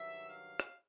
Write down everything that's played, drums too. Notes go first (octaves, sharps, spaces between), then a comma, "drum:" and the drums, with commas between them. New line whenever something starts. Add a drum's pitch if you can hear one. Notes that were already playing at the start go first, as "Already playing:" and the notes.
Already playing: G2 D#3 F#3 E5
F5
drum: rim click